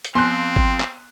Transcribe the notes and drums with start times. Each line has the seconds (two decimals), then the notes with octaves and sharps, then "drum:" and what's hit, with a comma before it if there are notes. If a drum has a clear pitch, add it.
0.05 drum: hi-hat
0.15 F2 B3 C4 C6 F#6
0.56 drum: kick G#1
0.80 drum: clap